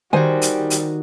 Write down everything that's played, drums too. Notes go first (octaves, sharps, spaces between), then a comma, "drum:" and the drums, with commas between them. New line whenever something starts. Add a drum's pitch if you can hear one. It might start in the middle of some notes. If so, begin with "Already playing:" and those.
D#3 G3 F#4 C5 G#5
drum: hi-hat
drum: hi-hat